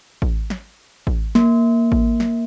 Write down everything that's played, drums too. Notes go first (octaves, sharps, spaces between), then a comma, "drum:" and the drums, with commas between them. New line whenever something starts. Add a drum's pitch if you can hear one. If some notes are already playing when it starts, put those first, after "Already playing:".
drum: kick A1
drum: snare
drum: kick A1
A#3, drum: snare
drum: kick A1
drum: snare